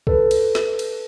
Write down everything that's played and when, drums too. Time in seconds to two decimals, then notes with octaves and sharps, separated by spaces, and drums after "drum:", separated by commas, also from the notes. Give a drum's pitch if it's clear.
0.07 A4 B4, drum: kick
0.31 drum: cymbal
0.55 drum: snare
0.79 drum: cymbal